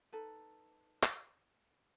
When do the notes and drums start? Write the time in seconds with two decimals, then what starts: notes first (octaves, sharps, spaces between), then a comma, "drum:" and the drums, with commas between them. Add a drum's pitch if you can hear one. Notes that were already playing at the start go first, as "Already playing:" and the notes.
0.12 D#4 A4 B4
1.03 drum: clap